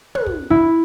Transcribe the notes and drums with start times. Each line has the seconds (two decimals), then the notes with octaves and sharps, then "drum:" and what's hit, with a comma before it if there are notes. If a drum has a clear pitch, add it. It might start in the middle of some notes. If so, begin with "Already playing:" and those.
0.15 F#6, drum: tom
0.27 drum: kick
0.50 E4, drum: kick